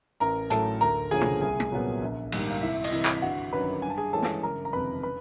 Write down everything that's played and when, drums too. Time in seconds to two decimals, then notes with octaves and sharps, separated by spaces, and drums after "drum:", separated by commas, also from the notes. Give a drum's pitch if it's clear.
0.20 A1 A#4 A#5
0.50 A2 F#3 A3 A4 A5, drum: hi-hat
0.81 D2 A#4 A#5
1.11 D3 F3 A#3 C#4 G#4 G#5
1.21 drum: tom B2
1.41 C2 G#4 G#5
1.60 drum: tom
1.72 A#2 F#3 B3
2.02 A#1
2.32 G#2 D#3 G3 A#3, drum: cymbal
2.51 F5
2.62 C2 E4 E5
2.84 D#5, drum: cymbal
2.92 C3 E3 E4 E5
3.05 drum: clap
3.22 G1 F#4 F#5
3.53 F#2 D#3 F#3 B4 B5
3.82 G2 G#5
3.90 A5
3.98 G#4 G#5
4.13 E3 G#3 C#4 A4 A5
4.23 drum: snare
4.43 F#1 A#4 A#5
4.65 A#5
4.73 F2 C3 D#3 B4 B5
5.03 B4 B5